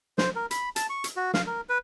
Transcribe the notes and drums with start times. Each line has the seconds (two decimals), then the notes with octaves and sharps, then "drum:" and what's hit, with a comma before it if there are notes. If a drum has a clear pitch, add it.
0.18 C5, drum: snare
0.36 A#4
0.51 B5, drum: hi-hat
0.76 A5, drum: hi-hat
0.90 C#6
1.04 drum: hi-hat
1.16 F#4
1.34 F5, drum: snare
1.47 A#4
1.69 B4